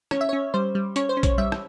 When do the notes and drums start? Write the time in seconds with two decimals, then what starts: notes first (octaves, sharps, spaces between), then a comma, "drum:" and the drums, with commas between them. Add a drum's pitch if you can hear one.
0.11 C#4 C#5, drum: rim click
0.21 E5
0.29 C#5
0.33 C#4
0.54 G3 C5
0.75 G3
0.96 C#4 C#5, drum: hi-hat
1.09 C5
1.17 C#4
1.23 C#5, drum: kick A#1, hi-hat
1.38 G3 E5
1.52 drum: rim click